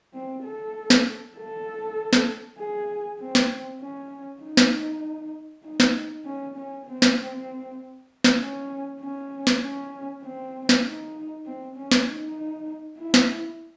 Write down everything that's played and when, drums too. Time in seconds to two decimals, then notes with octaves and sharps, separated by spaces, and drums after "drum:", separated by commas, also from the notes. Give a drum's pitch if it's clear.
0.14 C4
0.44 A4
0.90 drum: snare
1.36 A4
2.13 drum: snare
2.59 G#4
3.19 C4
3.35 drum: snare
3.81 C#4
4.42 D#4
4.57 drum: snare
5.64 D#4
5.80 drum: snare
6.25 C#4
6.56 C#4
6.87 C4
7.02 drum: snare
8.24 drum: snare
8.40 C#4
9.01 C#4
9.47 drum: snare
9.62 C#4
10.23 C4
10.69 drum: snare
10.85 D#4
11.46 C4
11.76 C#4
11.92 drum: snare
12.06 D#4
12.98 E4
13.14 drum: snare